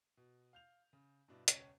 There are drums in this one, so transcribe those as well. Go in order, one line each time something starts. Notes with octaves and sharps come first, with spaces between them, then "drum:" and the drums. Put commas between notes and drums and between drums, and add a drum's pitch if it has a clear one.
B2
F5 G6 F7
C#3
G2 B2 D4 E4
E1 C#2 C#4 C#5 G#6, drum: hi-hat